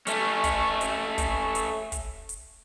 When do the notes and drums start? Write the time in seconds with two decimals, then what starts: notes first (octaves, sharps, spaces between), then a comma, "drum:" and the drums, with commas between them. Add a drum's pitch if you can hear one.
0.07 A3 C#4, drum: hi-hat
0.44 drum: kick, hi-hat
0.81 drum: hi-hat
1.18 drum: kick, hi-hat
1.55 drum: hi-hat
1.92 drum: kick, hi-hat
2.29 drum: hi-hat